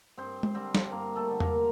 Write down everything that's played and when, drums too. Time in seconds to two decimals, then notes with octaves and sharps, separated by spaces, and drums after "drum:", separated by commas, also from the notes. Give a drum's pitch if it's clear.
0.18 G2 C4 C5
0.43 drum: tom G#3
0.54 D3 G3 C4 C5
0.75 drum: snare
0.91 G2 A#3 A#4
1.16 A3 A4
1.28 D3 G3
1.40 A#3 A#4, drum: tom E2